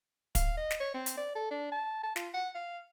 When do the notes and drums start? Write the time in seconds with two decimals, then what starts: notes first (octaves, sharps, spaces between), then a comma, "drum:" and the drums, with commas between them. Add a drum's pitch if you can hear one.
0.35 F5, drum: kick, hi-hat
0.57 D#5
0.71 drum: snare
0.80 C#5
0.94 C4
1.06 drum: hi-hat
1.17 D5
1.35 A4
1.51 D4
1.72 A5
2.03 A5
2.16 F4, drum: snare
2.34 F#5
2.55 F5